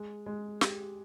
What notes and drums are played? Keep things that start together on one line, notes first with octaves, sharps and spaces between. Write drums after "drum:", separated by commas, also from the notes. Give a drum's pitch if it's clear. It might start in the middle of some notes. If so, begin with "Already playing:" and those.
Already playing: G#3
G#3
G4, drum: snare